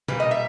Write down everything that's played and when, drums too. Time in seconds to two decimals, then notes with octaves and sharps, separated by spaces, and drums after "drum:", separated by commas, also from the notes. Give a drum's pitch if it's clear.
0.08 A#2 G3 B4, drum: tom B2
0.20 D#5
0.31 E5